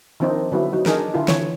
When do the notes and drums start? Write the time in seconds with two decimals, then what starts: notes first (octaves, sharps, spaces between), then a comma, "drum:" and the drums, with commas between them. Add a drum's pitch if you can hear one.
0.20 D#3 F3 C4 D4 D#4
0.52 D3 F#3 B3 E4
0.72 F#3 D#4
0.86 D4 D#4 G#4 A#4, drum: snare
1.14 D3 E4 F4
1.28 D3 E3 C#5, drum: snare